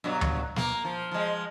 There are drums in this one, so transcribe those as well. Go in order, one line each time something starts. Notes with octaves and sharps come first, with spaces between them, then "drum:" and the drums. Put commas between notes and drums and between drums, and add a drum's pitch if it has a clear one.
G2 B2 F#3
drum: tom D2
A#3, drum: snare
F3
F3 G#3